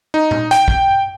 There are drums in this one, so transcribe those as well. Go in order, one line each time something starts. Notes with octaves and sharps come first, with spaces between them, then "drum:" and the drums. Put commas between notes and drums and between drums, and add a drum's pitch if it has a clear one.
D#4
drum: tom A#2
G5, drum: hi-hat
drum: kick